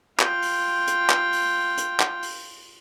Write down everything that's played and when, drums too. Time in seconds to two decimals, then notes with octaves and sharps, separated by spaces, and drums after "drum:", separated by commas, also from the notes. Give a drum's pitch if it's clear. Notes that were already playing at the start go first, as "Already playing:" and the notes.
0.20 F4 G5, drum: clap
0.42 drum: open hi-hat
0.87 drum: hi-hat
1.10 drum: clap
1.32 drum: open hi-hat
1.77 drum: hi-hat
2.00 drum: clap
2.22 drum: open hi-hat